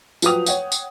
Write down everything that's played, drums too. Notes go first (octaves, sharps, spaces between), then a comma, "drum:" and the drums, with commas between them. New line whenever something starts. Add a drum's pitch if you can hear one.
F3 F#3 B4 G5 D#6 F7, drum: tambourine
C#5 F#5 G5, drum: tambourine
drum: tambourine